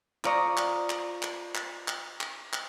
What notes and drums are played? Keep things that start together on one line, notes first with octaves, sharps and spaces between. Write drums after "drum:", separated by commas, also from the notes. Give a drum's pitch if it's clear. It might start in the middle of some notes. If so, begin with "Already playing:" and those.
F4 C5 D5 A#5 C#6 D#6, drum: clap
drum: clap
drum: clap
drum: clap
drum: clap
drum: clap
drum: clap
drum: clap